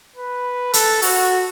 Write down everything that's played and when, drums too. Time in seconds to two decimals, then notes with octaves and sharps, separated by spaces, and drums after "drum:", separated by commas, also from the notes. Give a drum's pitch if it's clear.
0.16 B4
0.73 A4, drum: hi-hat
1.02 F#4, drum: open hi-hat